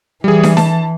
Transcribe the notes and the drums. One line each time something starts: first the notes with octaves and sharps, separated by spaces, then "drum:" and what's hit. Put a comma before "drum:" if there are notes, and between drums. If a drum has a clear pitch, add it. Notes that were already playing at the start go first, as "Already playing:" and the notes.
E3 G3 G#4
drum: snare
A5, drum: snare